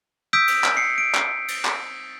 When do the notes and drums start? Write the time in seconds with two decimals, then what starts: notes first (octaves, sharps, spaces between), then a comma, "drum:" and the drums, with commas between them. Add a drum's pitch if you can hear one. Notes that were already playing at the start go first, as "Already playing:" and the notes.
0.33 D#6 E6 G6 B6 D7
0.48 drum: cymbal
0.64 drum: clap
0.77 C7 C#7
0.98 D7
1.15 drum: clap
1.48 drum: cymbal
1.65 drum: clap